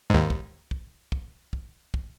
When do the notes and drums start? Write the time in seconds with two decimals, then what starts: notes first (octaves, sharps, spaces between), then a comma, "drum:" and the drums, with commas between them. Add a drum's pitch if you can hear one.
0.10 D#2 G#2
0.30 drum: kick
0.71 drum: kick
1.12 drum: kick
1.53 drum: kick
1.94 drum: kick